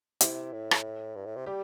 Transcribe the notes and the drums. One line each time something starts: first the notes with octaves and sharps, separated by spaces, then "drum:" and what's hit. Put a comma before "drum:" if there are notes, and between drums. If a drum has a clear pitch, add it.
C3 E4, drum: hi-hat
A2
drum: rim click
G2
A2
C3
G3 G4